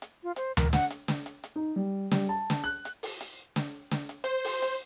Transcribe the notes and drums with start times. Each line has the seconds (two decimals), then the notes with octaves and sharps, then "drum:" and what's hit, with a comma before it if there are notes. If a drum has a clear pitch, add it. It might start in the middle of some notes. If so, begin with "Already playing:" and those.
0.02 drum: hi-hat
0.23 F4
0.36 C5, drum: hi-hat
0.57 A#4, drum: tom D2
0.73 F#5, drum: snare
0.90 drum: hi-hat
1.08 drum: snare
1.26 drum: hi-hat
1.44 drum: hi-hat
1.56 D#4
1.76 G3
2.11 G3, drum: snare
2.29 A5
2.50 drum: snare
2.64 F#6
2.85 drum: hi-hat
3.03 drum: open hi-hat
3.21 drum: hi-hat
3.56 drum: snare
3.91 drum: snare
4.09 drum: hi-hat
4.24 C5, drum: hi-hat
4.44 drum: open hi-hat
4.62 drum: hi-hat